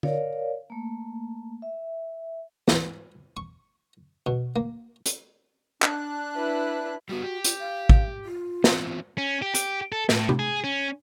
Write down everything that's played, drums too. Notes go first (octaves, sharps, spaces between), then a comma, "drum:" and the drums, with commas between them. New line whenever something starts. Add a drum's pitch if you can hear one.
A#4 C#5 D5 F5, drum: tom D3
A3 A#3
E5
E2, drum: snare
C#6
B2
A#3
drum: hi-hat
D4 F#6, drum: clap
E4 B4
G3 B3 F#4
G4
F4, drum: hi-hat
F5
drum: kick
F4
E3 B3 C4, drum: snare
C#4
G4
G4, drum: hi-hat
A4
A2, drum: snare
drum: tom
G#4
C#4